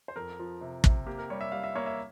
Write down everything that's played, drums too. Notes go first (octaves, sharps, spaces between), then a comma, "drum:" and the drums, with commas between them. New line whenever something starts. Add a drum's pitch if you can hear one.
C5
F2 A#4
F3
C3
C3, drum: kick
A#3 G4
A#4
G3 C#5
E5
G3 F5
E5
A#3 C#5
E5